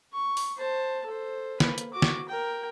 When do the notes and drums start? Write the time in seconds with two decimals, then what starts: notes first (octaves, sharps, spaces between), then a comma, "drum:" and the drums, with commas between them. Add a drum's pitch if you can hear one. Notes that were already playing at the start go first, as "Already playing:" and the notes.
0.13 C#6
0.37 drum: open hi-hat
0.57 C5 A5
1.06 A4 C5
1.60 A#3 B4, drum: snare
1.78 drum: hi-hat
1.93 F#4 D6
2.02 drum: snare
2.29 A#4 G5